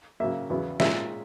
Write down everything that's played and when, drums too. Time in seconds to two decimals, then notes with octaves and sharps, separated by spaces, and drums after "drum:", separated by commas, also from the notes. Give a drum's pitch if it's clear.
0.20 C#3 F#3 A#3 E5
0.50 E2 C#3 F#3 B3 E4
0.80 A#2 G#3 C#4 E5, drum: snare